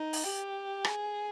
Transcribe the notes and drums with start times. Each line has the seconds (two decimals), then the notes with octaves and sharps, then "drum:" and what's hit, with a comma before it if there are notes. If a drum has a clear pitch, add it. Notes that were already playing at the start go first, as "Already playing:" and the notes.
Already playing: D#4
0.13 drum: open hi-hat
0.25 G4
0.84 G#4, drum: rim click